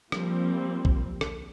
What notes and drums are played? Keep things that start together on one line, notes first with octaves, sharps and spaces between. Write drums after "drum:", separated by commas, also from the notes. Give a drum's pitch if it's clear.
F3 G3 A#3 C4, drum: rim click
drum: kick
drum: rim click